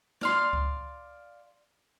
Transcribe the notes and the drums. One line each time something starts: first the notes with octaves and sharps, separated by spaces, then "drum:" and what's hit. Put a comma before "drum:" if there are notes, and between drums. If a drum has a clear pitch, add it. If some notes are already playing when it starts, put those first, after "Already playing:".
D5 F5 C6, drum: snare
drum: kick C#2